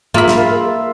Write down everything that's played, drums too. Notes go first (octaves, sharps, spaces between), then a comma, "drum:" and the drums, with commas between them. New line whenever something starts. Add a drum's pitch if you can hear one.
A#3 F4 G#4 A#4 E5 B5, drum: tom G#2
drum: snare